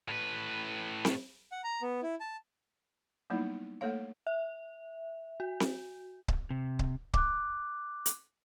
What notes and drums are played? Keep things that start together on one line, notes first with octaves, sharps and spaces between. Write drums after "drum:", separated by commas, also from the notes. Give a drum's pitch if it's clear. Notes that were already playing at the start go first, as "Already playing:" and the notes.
A2 B4
drum: snare C4
F#5
A#5
B3
E4
A5
F#3 G3 A#3 B3 D#4 E4
A3 A#3 A4 C#5 F5
E5
F#4
drum: snare C4
drum: kick C#1
C3
drum: kick C#1
D6 F#6, drum: kick C#1
drum: hi-hat